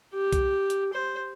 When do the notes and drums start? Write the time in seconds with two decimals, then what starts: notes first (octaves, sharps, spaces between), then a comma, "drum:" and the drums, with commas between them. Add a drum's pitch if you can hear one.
0.14 G4
0.33 drum: kick B1, hi-hat
0.70 drum: hi-hat
0.93 C5